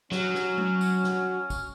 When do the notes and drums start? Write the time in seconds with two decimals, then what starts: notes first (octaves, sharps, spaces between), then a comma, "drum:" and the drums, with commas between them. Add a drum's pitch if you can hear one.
0.12 F#3 C#4, drum: snare
0.35 drum: snare
0.58 drum: tom G#3
0.81 drum: tambourine
1.04 drum: snare
1.50 drum: kick, tambourine